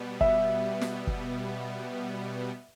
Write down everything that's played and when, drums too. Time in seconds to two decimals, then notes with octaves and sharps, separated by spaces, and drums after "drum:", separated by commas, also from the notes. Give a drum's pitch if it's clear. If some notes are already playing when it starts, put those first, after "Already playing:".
Already playing: B2 G3 B3
0.21 E5, drum: kick
0.81 drum: snare
1.07 drum: kick